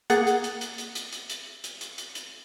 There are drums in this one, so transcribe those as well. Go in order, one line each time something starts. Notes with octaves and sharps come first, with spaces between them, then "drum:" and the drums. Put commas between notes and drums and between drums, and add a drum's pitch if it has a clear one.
A#3 G#4 F#5 A6, drum: hi-hat
drum: hi-hat
drum: hi-hat
drum: hi-hat
drum: hi-hat
drum: hi-hat
drum: hi-hat
drum: hi-hat
drum: hi-hat
drum: hi-hat
drum: hi-hat
drum: hi-hat